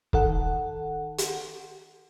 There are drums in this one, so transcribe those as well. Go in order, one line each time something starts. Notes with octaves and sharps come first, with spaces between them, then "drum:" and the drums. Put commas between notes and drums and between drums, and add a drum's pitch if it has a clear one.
D#3 A4 F#5, drum: kick
drum: hi-hat